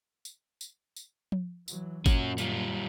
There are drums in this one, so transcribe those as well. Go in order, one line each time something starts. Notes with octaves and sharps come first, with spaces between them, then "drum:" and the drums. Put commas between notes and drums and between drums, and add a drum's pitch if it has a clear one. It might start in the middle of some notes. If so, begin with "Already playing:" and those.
drum: tambourine
drum: tambourine
drum: tambourine
drum: tom F3
E3 F#3, drum: tambourine
F#2 A#2 C#4 F#4, drum: kick G1, tambourine
G3 F4, drum: tambourine